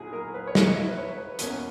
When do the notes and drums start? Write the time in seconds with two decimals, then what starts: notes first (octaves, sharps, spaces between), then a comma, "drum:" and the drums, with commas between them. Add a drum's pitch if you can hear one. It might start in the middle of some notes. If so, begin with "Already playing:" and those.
Already playing: B1 A#2 F#3 E4 G#4
0.13 A#4
0.34 B4
0.47 C#5
0.55 D#5, drum: snare
0.76 E5
0.89 B4
0.97 C#5
1.18 B4
1.39 E2 B2 A#3 C#4, drum: hi-hat